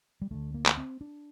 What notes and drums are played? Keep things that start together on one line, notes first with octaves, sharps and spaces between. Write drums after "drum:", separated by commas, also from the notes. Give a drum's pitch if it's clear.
G3
D2 D3 A3
A#3
drum: clap
C4
D4